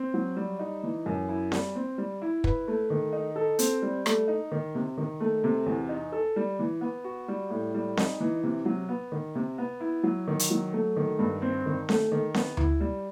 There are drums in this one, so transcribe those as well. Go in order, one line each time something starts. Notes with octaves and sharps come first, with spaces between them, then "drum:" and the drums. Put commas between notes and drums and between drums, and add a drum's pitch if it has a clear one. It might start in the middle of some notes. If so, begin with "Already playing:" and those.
Already playing: C4
F#3
G3
D#4
E3
F#2
E4
G3, drum: snare C4
C4
G3
E4
B4, drum: kick
A3
D#3
D#4
A4
C4, drum: hi-hat
G3
A3, drum: rim click
D#4
D#3
C3
D#3
A3
C3
E2
D#4
A4
G3
E3
B3
F#4
G3
A2
G3
D#4, drum: snare C4
E3
C3
F#3
B3
D#3
C3
B3
E4
F#3
D#3
drum: hi-hat
F#3
A3
D#3
G2
C4
D#3
A3, drum: snare C4
D#3
B3, drum: snare C4
E4, drum: tom D2
G3